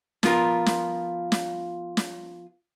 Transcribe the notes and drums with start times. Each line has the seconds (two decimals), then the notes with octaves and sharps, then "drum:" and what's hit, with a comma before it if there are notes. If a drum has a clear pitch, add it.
0.23 F3 B3 F4 A#4, drum: snare
0.66 drum: snare
1.32 drum: snare
1.97 drum: snare